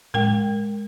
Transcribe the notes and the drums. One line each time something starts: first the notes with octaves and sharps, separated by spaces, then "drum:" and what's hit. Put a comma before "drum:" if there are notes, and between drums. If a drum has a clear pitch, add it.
G#3 A#4 G5, drum: tom A2